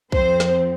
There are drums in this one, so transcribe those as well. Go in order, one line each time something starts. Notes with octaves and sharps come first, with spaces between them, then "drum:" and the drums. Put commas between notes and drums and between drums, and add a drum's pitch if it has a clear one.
F2 F3 C4 C5, drum: kick B1
drum: snare